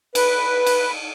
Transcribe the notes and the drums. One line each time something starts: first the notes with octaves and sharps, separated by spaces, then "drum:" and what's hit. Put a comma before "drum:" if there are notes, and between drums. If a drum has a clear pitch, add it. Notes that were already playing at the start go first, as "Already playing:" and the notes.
B4, drum: cymbal
drum: cymbal